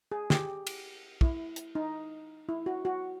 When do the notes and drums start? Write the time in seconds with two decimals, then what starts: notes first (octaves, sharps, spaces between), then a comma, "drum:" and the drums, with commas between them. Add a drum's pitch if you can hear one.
0.12 G#4
0.30 G4, drum: snare
0.67 drum: cymbal
1.21 E4, drum: kick
1.56 drum: hi-hat
1.75 D#4
2.49 E4
2.66 F#4
2.85 F#4